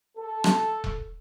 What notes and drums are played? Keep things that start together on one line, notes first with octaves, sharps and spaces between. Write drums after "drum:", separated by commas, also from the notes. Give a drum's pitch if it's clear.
A4
drum: rim click
drum: kick E1